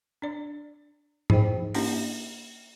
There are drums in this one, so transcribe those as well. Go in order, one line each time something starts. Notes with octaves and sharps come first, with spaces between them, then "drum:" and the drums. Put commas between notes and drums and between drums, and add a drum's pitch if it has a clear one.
D4 D5
D#4 G#4 C5 D#5 G5, drum: tom G#2
A#3 C#4 D4 E4 G4, drum: open hi-hat